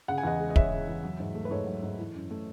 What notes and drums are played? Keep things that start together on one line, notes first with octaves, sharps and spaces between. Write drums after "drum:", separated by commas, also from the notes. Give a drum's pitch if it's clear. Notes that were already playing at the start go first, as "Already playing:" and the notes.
C#3 F#5
G#5
E2 D#5 F#5
G#3
D#5
E2 C#5 E5, drum: kick
C#3
E2
F#3
G#2
A3
B4
G#2 A4 C#5
F#3
G#2
E3
F#2
A3